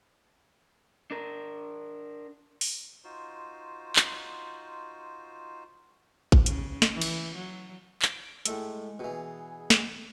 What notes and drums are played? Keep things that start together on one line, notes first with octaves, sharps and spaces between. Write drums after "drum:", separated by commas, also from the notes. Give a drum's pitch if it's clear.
D4 A#4
drum: open hi-hat
D#4 F4 F#4 C5
drum: clap
drum: kick A1
C#3, drum: hi-hat
drum: snare
E3
drum: cymbal
F#3
D7, drum: clap
A2 G#3 A3 A4, drum: hi-hat
B2 E3 G#4
drum: snare